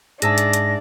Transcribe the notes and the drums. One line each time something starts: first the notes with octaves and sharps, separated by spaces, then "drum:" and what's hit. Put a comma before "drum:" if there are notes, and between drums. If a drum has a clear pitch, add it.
G#2 D4 G#4 E5 A5 A#6, drum: hi-hat
drum: hi-hat
drum: hi-hat